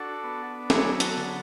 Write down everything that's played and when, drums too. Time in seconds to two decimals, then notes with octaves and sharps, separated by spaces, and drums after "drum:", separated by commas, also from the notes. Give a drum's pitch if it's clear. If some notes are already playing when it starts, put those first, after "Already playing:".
Already playing: D4 F#4 A4
0.24 B3
0.70 F#3 E4 G#4, drum: snare
1.00 F#4 A4, drum: hi-hat
1.16 D3